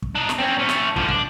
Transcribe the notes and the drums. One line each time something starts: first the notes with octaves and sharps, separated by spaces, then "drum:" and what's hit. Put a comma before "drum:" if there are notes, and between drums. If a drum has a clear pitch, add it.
drum: kick
D4 D#4
drum: snare
C4 C#4
A3 C#4
drum: snare
D3 F3, drum: kick
D4, drum: kick